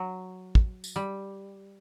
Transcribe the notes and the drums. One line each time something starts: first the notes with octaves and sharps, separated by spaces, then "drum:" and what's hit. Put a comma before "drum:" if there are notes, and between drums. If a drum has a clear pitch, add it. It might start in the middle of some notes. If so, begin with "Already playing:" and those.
Already playing: F#3
drum: kick
drum: tambourine
G3